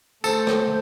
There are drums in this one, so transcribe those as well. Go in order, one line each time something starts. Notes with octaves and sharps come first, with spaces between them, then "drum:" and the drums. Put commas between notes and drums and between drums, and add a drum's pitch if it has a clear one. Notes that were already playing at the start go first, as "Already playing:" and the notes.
A3 A4 C5, drum: tambourine
drum: rim click